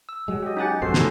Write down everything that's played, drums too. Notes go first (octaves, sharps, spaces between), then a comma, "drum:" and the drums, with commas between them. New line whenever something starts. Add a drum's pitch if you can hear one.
E6
F#3 G#3
G4 D#5
C#4 D#4 G4 F#5 G#5 A6
A#1 F2 G#2 F#4 A4 C5 C7
D#3 A3 B3 C#4 A4 A#5, drum: snare